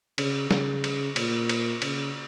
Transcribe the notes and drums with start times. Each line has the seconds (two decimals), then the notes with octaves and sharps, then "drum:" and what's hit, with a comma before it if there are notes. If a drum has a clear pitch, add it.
0.18 C#3, drum: cymbal
0.51 C#3, drum: snare
0.84 drum: cymbal
1.16 A#2, drum: cymbal
1.49 drum: cymbal
1.82 C#3, drum: cymbal